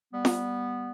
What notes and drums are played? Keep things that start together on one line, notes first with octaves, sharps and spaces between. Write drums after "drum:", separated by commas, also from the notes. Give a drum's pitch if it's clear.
G3 B3
drum: snare